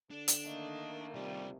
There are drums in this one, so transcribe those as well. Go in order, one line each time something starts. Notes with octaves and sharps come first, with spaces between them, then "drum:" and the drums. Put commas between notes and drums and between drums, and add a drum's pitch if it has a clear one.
D3 D4
drum: hi-hat
D#3 A3 A#3 D#5
C2 C3 G3 F4